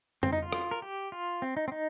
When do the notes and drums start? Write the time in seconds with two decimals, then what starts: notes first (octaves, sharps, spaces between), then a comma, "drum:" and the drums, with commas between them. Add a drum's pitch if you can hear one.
0.23 C4, drum: tom F2
0.33 D#4
0.42 F4
0.53 drum: rim click
0.71 A#4
0.82 G4
1.12 F4
1.42 C4
1.57 D#4
1.68 C4
1.72 D#4